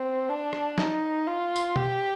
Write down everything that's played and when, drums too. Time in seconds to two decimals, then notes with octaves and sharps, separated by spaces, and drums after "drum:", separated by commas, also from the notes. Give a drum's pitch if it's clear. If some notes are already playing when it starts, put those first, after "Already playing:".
Already playing: C4
0.29 D4
0.53 drum: rim click
0.78 D#4, drum: snare
1.27 F4
1.56 drum: tambourine
1.76 G4, drum: tom B2